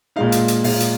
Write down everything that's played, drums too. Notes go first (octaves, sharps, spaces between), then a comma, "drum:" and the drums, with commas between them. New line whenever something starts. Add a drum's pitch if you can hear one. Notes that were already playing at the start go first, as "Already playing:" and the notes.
A#2 G#3 D#4 F5
drum: hi-hat
drum: hi-hat
A#2 G#3 D#4 F5, drum: open hi-hat
drum: hi-hat